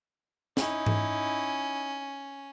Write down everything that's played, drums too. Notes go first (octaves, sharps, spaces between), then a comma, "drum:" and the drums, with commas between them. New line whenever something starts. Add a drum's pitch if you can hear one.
C#4 D#4 E4, drum: snare
drum: tom G#2